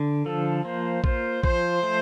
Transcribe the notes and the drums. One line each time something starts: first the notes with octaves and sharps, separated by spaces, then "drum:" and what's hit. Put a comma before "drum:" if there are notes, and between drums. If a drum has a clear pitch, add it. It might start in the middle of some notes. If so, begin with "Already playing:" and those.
Already playing: D3
F3 A4
A#3 C5
F4 C5, drum: kick A#1
F3 C5, drum: kick A#1
A3